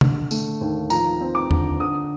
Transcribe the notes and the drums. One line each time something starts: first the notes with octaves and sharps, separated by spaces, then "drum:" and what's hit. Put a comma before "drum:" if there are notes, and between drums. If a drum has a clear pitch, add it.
D3, drum: tom C3
A3, drum: tambourine
D#2
F3 A#5, drum: tambourine
C4
D6
D3, drum: tom
D3 D#6